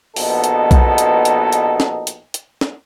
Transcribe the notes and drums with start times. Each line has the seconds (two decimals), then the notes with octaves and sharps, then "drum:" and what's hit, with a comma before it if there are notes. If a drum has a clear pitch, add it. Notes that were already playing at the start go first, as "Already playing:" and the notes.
0.16 A#1 B2 B3 D#4 A4, drum: open hi-hat
0.44 drum: hi-hat
0.71 drum: kick B1, hi-hat
0.98 drum: hi-hat
1.25 drum: hi-hat
1.53 drum: hi-hat
1.80 drum: snare
2.07 drum: hi-hat
2.34 drum: hi-hat
2.61 drum: snare